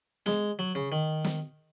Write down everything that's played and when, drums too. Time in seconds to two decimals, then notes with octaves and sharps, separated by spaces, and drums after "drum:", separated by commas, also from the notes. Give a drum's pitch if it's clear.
0.26 G#3, drum: snare
0.59 F#3
0.75 C#3
0.92 D#3
1.24 drum: snare